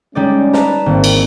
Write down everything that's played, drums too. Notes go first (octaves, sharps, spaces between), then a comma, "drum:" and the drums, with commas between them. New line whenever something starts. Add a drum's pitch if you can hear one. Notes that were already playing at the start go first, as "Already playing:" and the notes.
G3 G#3 C#4 D#4 D5
B4 A5 A#5, drum: snare
G#1 A#3 C4
drum: cymbal